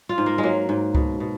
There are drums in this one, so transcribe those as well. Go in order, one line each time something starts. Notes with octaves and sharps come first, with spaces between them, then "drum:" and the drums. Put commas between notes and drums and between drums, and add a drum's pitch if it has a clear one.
F4
G#2
A#3
G#3
F#3 A#3
G#2
B2, drum: kick C#2
B2